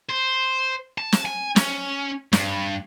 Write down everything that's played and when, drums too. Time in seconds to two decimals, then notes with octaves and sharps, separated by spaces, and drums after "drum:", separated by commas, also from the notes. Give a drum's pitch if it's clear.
0.09 C5
0.98 A5
1.12 drum: snare
1.26 G#5
1.56 C#4, drum: snare
2.33 G2, drum: snare